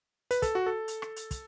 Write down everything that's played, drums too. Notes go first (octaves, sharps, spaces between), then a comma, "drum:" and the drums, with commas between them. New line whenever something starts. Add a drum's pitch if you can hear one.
B4, drum: hi-hat
A4, drum: kick, hi-hat
F#4
A4
drum: hi-hat
drum: rim click
drum: hi-hat
drum: kick, hi-hat